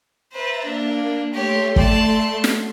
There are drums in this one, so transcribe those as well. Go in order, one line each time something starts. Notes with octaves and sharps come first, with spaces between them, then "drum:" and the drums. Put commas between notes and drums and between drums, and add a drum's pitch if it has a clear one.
B4 C5 E5 A#5 A6
A#3 D4
A3 G4 C#5 C6
D5 A5, drum: kick
drum: snare